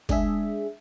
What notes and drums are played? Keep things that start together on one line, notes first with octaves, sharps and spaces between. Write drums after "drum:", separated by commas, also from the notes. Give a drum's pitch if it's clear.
G#3 D4 G#4 E5, drum: kick